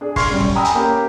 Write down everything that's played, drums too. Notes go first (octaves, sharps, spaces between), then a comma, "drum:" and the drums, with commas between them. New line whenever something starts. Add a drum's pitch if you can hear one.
D4 G#4
C6 C#6 F6 G#6 C7, drum: kick, open hi-hat
F#2 G3
drum: kick
G5 G#5 A#5 B5 D#6 E6
drum: hi-hat
A#3 C#4 G4 A#4